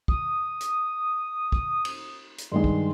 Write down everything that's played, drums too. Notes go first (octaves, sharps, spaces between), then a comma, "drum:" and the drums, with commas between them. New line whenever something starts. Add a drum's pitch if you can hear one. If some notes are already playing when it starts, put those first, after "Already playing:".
D#6, drum: kick
drum: hi-hat
drum: kick
drum: cymbal
drum: hi-hat
G2 D#3 G#3 C6
drum: kick